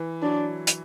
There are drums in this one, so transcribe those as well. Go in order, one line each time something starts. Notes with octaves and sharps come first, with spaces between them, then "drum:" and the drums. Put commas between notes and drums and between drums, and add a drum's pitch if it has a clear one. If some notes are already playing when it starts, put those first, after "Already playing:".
Already playing: E3
F#3 D4
drum: hi-hat